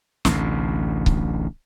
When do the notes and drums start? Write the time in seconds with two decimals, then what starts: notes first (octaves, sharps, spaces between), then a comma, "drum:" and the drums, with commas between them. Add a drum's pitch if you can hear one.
0.25 A1 D2 C3, drum: snare
1.06 drum: kick C#1